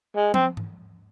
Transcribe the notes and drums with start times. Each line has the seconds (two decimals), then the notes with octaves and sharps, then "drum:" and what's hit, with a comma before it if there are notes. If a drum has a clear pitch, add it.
0.16 G#3
0.34 C4, drum: tom F3
0.57 drum: tom G#2